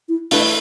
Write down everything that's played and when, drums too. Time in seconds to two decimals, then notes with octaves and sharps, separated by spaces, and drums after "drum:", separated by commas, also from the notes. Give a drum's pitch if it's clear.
0.09 E4
0.31 A3 D4 E4 B4, drum: open hi-hat